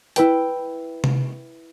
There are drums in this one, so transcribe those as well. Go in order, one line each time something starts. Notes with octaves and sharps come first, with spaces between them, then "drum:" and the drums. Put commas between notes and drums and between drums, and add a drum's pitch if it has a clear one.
E4 B4 G5, drum: hi-hat
drum: tom C3